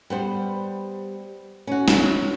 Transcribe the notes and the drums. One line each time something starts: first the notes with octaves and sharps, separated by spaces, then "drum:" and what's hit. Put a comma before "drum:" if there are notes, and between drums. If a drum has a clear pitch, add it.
G3 B3 C5
C#4 F#4
drum: snare